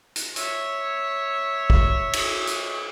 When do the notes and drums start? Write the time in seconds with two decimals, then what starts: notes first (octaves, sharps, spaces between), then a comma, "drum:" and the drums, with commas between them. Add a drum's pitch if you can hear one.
0.16 drum: hi-hat
0.36 C#5 E5, drum: hi-hat
1.70 drum: kick
2.13 drum: cymbal
2.47 drum: hi-hat